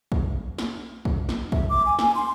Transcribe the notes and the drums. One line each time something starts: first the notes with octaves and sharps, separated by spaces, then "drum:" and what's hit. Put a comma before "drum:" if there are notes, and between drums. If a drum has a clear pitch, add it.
drum: kick
drum: snare
drum: kick
drum: snare
E5, drum: kick
D6
G#5
G#5, drum: snare
C6